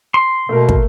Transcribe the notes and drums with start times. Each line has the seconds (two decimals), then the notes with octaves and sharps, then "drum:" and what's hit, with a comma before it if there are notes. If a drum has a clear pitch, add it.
0.14 C6
0.49 B2 A3 A#3 A#4
0.69 drum: kick